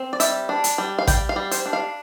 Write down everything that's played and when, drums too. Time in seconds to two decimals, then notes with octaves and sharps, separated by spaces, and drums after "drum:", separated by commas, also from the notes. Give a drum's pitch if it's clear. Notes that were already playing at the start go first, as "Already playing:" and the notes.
Already playing: C4
0.13 D5
0.20 G3 E5, drum: hi-hat
0.49 D4
0.64 drum: hi-hat
0.78 G3
0.99 F5
1.07 G3 G5, drum: kick A1, hi-hat
1.29 F5
1.36 G3
1.51 C5, drum: hi-hat
1.66 D4
1.73 F5